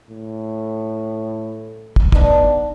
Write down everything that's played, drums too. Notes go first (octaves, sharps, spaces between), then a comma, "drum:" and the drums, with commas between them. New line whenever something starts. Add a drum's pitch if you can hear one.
A2
drum: kick
B3 D4 D#4, drum: kick